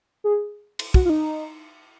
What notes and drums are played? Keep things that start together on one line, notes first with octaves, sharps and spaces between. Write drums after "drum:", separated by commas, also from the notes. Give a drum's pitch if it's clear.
G#4
drum: cymbal
F#4, drum: kick
F4
D#4